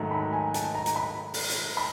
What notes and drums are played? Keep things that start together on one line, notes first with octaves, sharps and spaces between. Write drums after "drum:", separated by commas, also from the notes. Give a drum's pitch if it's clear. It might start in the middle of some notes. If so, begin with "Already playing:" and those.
Already playing: G#2 D#3 F#3 A3
B5
G#5
A5, drum: hi-hat
A#5
drum: hi-hat
B5
drum: open hi-hat
drum: hi-hat
B5